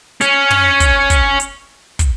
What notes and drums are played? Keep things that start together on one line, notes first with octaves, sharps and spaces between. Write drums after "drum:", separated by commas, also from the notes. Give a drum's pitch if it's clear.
C#4 C#5, drum: hi-hat
drum: tom
drum: kick, hi-hat
drum: kick, hi-hat
drum: hi-hat
drum: kick, hi-hat